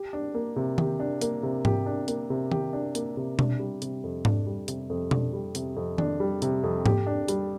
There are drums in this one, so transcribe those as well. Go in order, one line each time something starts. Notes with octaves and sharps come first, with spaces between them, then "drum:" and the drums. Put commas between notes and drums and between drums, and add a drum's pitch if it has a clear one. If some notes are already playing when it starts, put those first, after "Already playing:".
Already playing: G4
D4
A#3
C3
G4, drum: tom D#3
D4
A#3, drum: hi-hat
C3
G4, drum: tom G#2
D4
A#3, drum: hi-hat
C3
G4, drum: tom D#3
D4
A#3, drum: hi-hat
C3
D4, drum: tom B2
G3
C3, drum: hi-hat
F2
D4, drum: tom G#2
G3
C3, drum: hi-hat
F2
D4, drum: tom B2
G3
C3, drum: hi-hat
F2
D4, drum: tom D#3
G3
C3, drum: hi-hat
F2
G4, drum: tom G#2
D4
G3, drum: hi-hat